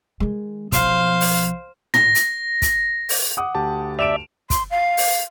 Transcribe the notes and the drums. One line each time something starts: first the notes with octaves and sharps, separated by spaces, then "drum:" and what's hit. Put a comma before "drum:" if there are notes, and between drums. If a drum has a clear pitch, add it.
D#3 G#3
B1 F3 C5 F5, drum: kick, hi-hat
drum: open hi-hat
A#6, drum: tom
drum: hi-hat
drum: kick, hi-hat
drum: open hi-hat
F#5 D6 D#6
D2 G4 A5
D5 E5 D7 E7 F7
C6, drum: kick, hi-hat
F5
drum: open hi-hat